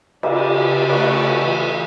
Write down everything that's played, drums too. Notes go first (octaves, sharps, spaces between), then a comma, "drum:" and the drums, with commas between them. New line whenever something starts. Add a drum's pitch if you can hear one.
C#3 G4 D5 D6, drum: cymbal
A3 F#4, drum: cymbal
E3